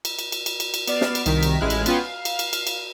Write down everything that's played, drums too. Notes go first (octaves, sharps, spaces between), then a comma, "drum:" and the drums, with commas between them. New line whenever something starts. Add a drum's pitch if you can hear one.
drum: cymbal
drum: cymbal
drum: cymbal
drum: cymbal
drum: cymbal
drum: cymbal
B3 D5 F6 C7 E7, drum: cymbal
drum: snare
drum: cymbal
C2 D#3 A#4 B6, drum: cymbal
drum: cymbal
A1 G#3 E4 F6 F#6
drum: cymbal
B3 C#4 F4 B4 G5, drum: cymbal
F5
drum: cymbal
drum: cymbal
drum: cymbal
drum: cymbal